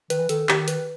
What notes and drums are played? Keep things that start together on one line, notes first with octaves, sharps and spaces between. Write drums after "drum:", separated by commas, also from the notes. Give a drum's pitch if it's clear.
D#3 B4, drum: hi-hat
E3
D#3 A4, drum: hi-hat
D#3 G4, drum: clap
B4, drum: hi-hat